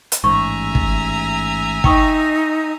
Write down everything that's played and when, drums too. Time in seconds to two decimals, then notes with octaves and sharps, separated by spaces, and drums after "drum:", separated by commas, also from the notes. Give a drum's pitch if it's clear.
0.12 drum: hi-hat
0.24 A1 G#2 E5 G#5 A#5 C#6
0.75 drum: kick
1.84 D#4 G5 C#6 D#6, drum: kick